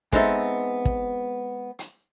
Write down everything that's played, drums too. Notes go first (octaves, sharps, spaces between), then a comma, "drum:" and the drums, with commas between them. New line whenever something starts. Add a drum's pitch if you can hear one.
G#3 B3 C4 D#4 A4 E5, drum: kick
drum: kick
drum: hi-hat